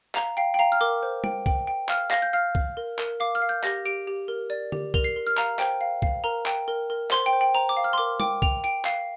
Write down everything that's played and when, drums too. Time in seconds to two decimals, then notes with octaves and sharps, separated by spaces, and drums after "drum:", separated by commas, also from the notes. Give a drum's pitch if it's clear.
0.15 F5 A#5, drum: clap
0.37 F5 G5
0.54 G5
0.59 F5 A#5
0.72 F6
0.81 A#4 D6
1.03 C5
1.24 G5, drum: tom
1.46 G5, drum: kick
1.67 G5
1.89 F5 F6, drum: clap
2.11 F5 A#6, drum: clap
2.22 G6
2.33 F5 F6
2.55 F5, drum: kick
2.77 A#4
2.99 A#4, drum: clap
3.20 F5 D6
3.35 F6
3.42 F5
3.49 G6
3.64 G4 A#6, drum: clap
3.85 G4 D7
4.07 G4
4.28 A#4
4.50 D5
4.72 G4, drum: tom D3
4.94 A#4 F7, drum: kick
5.04 C7
5.16 A#4
5.27 F6
5.37 F5 A#5, drum: clap
5.59 C5 G5, drum: clap
5.81 F5
6.02 F5, drum: kick
6.24 A#4 A#5
6.46 G5, drum: clap
6.68 A#4
6.90 A#4
7.11 C5 C6, drum: clap
7.26 G5
7.33 C5
7.41 G5
7.54 C5 A#5
7.69 D6
7.77 F5
7.84 F6
7.93 C6
7.98 A#4 D6
8.20 G5 D6, drum: tom
8.42 G5 F7, drum: kick
8.64 G5 D7
8.85 F5 C7, drum: clap